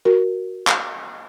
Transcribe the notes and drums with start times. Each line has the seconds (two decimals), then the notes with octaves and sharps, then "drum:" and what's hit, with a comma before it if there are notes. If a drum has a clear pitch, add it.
0.05 F#4 A#4
0.67 drum: clap